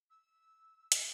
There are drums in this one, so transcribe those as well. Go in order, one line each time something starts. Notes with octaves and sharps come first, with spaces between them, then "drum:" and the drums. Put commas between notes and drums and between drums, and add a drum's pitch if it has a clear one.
E6
drum: hi-hat